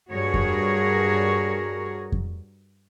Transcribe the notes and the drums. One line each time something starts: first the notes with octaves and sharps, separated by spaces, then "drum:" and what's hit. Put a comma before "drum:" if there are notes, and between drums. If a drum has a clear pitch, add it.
G2 F#4 G#4 A#4 C#5
drum: kick F2
drum: kick F2